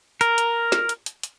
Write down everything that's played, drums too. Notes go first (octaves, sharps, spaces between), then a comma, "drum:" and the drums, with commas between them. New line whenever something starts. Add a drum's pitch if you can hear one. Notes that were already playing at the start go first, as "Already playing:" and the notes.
A#4, drum: hi-hat
drum: hi-hat
drum: snare
drum: hi-hat
drum: hi-hat
drum: hi-hat